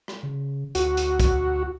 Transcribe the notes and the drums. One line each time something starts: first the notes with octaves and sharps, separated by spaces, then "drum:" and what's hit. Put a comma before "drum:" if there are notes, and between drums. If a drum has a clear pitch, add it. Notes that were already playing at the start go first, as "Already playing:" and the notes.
drum: rim click
C#3
D2 F#4, drum: hi-hat
drum: hi-hat
drum: kick, hi-hat